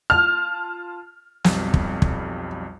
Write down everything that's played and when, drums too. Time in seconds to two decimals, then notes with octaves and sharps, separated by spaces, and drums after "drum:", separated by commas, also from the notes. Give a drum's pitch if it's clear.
0.10 F4 A5 F6
1.44 B1 F2 G3, drum: snare
1.74 drum: kick
2.02 drum: kick